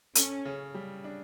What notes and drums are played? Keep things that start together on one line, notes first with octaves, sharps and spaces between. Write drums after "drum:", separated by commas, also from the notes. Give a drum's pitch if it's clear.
C#4 A4, drum: hi-hat
C#3
G3
D4